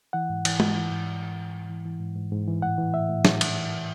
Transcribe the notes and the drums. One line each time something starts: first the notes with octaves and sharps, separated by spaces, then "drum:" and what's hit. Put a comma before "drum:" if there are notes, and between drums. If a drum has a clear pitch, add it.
E3 F#5
G#2
E3, drum: cymbal
G#2, drum: tom G#3
E3
G#2
E3
E3
G#2
G#2
E3
E3
G#2
G#2
G#2
E3
A2 F#5
E3
A2 E5
A2
A2, drum: snare
A2, drum: cymbal
E3
A2